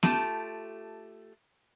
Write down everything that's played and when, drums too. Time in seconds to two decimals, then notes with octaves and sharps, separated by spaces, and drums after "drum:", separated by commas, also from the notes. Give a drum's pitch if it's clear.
0.03 A3 F4 G4 A5, drum: snare B3